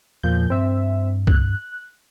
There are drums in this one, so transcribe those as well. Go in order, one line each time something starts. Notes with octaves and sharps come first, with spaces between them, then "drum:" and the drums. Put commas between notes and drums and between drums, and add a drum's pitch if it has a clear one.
E2 A#2 F3 G6
G2 C4 E5
F#6, drum: kick C2